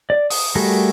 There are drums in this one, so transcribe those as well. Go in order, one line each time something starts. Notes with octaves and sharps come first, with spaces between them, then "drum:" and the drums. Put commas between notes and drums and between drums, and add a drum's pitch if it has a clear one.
D5
D#6, drum: open hi-hat
G3 A3 F#4 G#4 A#4